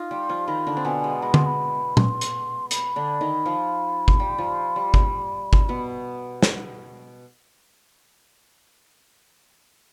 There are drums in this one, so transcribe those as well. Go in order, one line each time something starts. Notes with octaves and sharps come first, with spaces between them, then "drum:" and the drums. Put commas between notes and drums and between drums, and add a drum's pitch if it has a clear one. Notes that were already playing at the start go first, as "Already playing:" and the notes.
Already playing: D#4 F4
G3 G4 C6
F3 F4
D#3 D#4 B5
D3 D4
C4
B2 B3 G#5
G#3
G#3 B5
C6, drum: tom
B5
C6, drum: tom A#2
drum: hi-hat
B5, drum: hi-hat
D3 D4
D#3 D#4
F3 F4
drum: kick G1
G3 G4
F3 F4
G3
G3, drum: kick G1
drum: kick G1
B2 B3
drum: snare